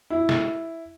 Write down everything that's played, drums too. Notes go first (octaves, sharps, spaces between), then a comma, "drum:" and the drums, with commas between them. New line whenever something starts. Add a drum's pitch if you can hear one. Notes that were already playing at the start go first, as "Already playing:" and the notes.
E4
drum: snare